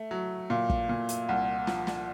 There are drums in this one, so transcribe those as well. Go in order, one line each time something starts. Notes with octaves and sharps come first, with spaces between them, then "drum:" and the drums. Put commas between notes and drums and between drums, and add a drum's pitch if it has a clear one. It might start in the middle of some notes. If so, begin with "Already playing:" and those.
Already playing: A3 E5
F#3
A#2 F5
drum: kick
A#2
drum: hi-hat
C2 F#5
F3, drum: snare
drum: snare